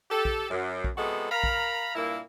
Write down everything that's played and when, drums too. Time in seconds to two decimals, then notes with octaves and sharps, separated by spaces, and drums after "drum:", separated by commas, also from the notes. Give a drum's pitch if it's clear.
0.10 G4 A4
0.25 drum: kick A#1
0.50 F#2
0.84 drum: kick A#1
0.96 C3 G#3 B3 F#4 A4
1.30 A#4 F5 A#5 B5
1.44 drum: kick A#1
1.95 G2 A#2 A#3 E4